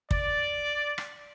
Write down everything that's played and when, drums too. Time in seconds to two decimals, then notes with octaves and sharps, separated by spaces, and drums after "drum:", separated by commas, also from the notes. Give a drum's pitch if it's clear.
0.11 D5, drum: kick
0.98 drum: rim click